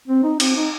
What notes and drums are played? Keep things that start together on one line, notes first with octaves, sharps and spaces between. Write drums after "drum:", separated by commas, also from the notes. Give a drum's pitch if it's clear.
C4
D#4
C4, drum: cymbal
D#4